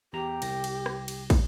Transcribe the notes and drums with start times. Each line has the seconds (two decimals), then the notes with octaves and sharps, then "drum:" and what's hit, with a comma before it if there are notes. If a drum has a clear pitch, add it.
0.13 E2 G4 A#5
0.42 C2 A#6, drum: cymbal
0.64 drum: cymbal
0.86 drum: rim click
1.08 drum: cymbal
1.30 drum: kick, cymbal